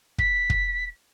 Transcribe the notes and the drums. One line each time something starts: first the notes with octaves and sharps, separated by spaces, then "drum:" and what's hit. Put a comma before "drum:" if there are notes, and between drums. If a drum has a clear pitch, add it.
B6, drum: kick
drum: kick